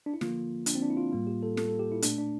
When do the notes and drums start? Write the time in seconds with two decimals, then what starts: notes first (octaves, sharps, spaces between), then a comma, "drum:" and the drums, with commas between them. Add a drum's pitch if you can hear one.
0.06 D4
0.14 E4
0.21 D3 F3 A#3 F4, drum: snare
0.66 D4, drum: hi-hat
0.75 C4
0.82 D4
0.90 E4
0.97 F4
1.12 A2 G3 A#3 F4
1.27 G4
1.43 A4
1.57 A4, drum: snare
1.68 A4
1.80 G4
1.92 E4
2.02 A#2 A3 D4, drum: hi-hat
2.18 D4